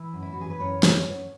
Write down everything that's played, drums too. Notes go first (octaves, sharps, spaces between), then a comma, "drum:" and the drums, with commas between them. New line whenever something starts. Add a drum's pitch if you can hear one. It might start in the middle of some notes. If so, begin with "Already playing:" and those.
Already playing: E3 E5
F#2
E4
F#4
E3 G#4
B4
F#2 C#5
F#2, drum: snare
F#2